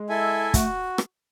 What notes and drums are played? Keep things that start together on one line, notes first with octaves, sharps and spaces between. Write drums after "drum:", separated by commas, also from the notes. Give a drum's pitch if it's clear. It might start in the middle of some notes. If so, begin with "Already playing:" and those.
Already playing: G#3
E4 A4 E5 G#5
A3 F#4, drum: kick, hi-hat
drum: rim click